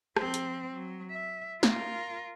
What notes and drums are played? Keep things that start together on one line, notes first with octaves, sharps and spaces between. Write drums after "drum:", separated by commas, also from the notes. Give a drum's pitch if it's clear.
F3 C4, drum: rim click
drum: hi-hat
F#3
E5
F4 A#4, drum: snare